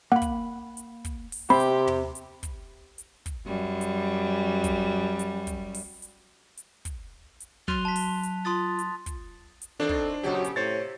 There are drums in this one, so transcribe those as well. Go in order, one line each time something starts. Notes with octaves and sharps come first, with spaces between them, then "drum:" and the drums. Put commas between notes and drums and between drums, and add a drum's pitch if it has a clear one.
A#3 F#5 B5
drum: kick, hi-hat
drum: hi-hat
drum: kick, hi-hat
drum: open hi-hat
C3 C4 G4 B5
drum: hi-hat
drum: tom
drum: hi-hat
drum: kick, hi-hat
drum: hi-hat
drum: kick, hi-hat
F#2 G3
drum: hi-hat
drum: kick, hi-hat
drum: hi-hat
drum: kick, hi-hat
drum: open hi-hat
drum: hi-hat
drum: hi-hat
drum: kick, hi-hat
drum: hi-hat
F#3 C6 F#6 D#7 F7, drum: kick
A5 B6
drum: open hi-hat
drum: hi-hat
F4 C6 D#6 A6
drum: hi-hat
drum: kick, hi-hat
drum: hi-hat
D#3 C4 D4 F4 A4
drum: kick
A#2 C#3 F#3 G4
drum: hi-hat
A2 C3 C5 C#5 A6